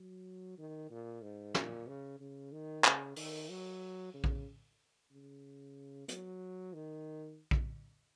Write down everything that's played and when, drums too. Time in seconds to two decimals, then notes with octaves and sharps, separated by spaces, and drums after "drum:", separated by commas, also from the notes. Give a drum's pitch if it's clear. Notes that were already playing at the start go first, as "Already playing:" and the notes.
Already playing: F#3
0.58 D#3
0.90 A#2
1.22 G#2
1.54 A#2, drum: snare
1.87 C#3
2.19 C#3
2.52 D#3
2.84 C#3, drum: clap
3.16 D#3, drum: open hi-hat
3.49 F#3
4.14 C#3
4.24 drum: kick A#1
5.11 C#3
6.09 F#3, drum: hi-hat
6.73 D#3
7.51 drum: kick A#1